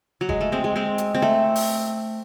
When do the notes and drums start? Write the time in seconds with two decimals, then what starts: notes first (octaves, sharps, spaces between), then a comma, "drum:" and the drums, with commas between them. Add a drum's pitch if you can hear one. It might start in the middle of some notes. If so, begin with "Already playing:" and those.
0.21 F#3
0.29 G#3, drum: kick F1
0.41 A3
0.52 G#3 C4
0.64 G#3
0.76 G#3 C4
0.98 drum: hi-hat
1.15 C4
1.22 A3
1.56 drum: open hi-hat